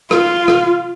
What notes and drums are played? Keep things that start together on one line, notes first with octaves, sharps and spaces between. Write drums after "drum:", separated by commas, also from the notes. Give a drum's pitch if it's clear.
F4, drum: rim click
drum: rim click